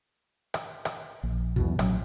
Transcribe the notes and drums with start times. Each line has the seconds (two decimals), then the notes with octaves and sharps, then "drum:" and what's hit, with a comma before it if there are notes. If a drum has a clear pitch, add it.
0.54 drum: rim click
0.85 drum: rim click
1.23 A#1
1.56 B1 E2 B2
1.79 A1 F#3, drum: rim click